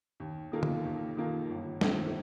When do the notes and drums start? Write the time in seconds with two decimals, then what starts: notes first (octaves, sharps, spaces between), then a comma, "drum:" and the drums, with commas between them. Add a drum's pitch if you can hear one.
0.20 D#2
0.52 D#3 A#3 F4 A4
0.63 drum: tom
0.85 D#2
1.17 D#3 A#3 F4 A4
1.49 G1
1.81 F2 D#3 A3 C4, drum: snare